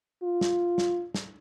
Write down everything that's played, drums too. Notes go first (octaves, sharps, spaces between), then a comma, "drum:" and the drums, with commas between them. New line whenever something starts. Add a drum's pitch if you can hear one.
F4
drum: snare
drum: snare
drum: snare